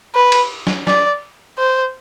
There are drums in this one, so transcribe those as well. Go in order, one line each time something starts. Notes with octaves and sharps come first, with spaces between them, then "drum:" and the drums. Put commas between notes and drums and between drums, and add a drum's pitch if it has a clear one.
B4
drum: cymbal
drum: snare
D5, drum: snare
C5